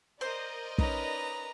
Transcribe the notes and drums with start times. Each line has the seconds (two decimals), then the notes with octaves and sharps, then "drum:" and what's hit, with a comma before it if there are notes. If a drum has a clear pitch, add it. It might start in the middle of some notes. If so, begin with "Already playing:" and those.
0.21 A#4 C5 D5 D#5
0.78 C#4 D#4 B4 A#5, drum: kick